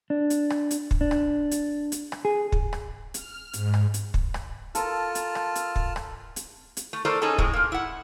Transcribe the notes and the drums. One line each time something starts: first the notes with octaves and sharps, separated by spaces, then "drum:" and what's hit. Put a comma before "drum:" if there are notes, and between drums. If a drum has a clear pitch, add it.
D4
drum: hi-hat
drum: rim click
drum: hi-hat
drum: kick
D4
drum: rim click
drum: hi-hat
drum: hi-hat
drum: rim click
G#4
drum: kick
drum: rim click
F6, drum: hi-hat
G#2, drum: hi-hat
drum: rim click
drum: hi-hat
drum: kick
drum: rim click
F4 A4 A#4 C5 A5 F6, drum: hi-hat
drum: hi-hat
drum: rim click
drum: hi-hat
drum: kick
drum: rim click
drum: hi-hat
drum: hi-hat
A3
A3 A4 A#4 C5 D5
C#4 D#4 G#4 A4
A2 G#3 C4, drum: kick
A#2 A#3
E4 F#5